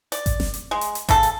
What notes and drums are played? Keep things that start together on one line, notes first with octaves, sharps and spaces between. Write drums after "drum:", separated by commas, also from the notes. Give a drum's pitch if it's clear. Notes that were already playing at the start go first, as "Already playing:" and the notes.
D5, drum: hi-hat
drum: kick A1, hi-hat
drum: snare F#1
drum: hi-hat
G#3
drum: hi-hat
drum: hi-hat
C#3 A4, drum: kick A1, hi-hat
drum: hi-hat